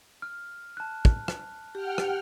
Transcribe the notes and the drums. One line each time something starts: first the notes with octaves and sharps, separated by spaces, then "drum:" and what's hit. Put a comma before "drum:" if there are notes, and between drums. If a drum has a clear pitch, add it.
F6
A5 F#6
drum: kick
drum: rim click
G4 F#5 G5 F6
drum: rim click